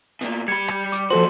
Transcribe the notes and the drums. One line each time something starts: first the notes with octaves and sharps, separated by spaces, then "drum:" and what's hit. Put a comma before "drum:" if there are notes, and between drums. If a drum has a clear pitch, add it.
B2 A#3, drum: hi-hat
G3 B5 G#6 C#7
drum: rim click
D6, drum: hi-hat
A#2 F3 F#4 A4 C5 C6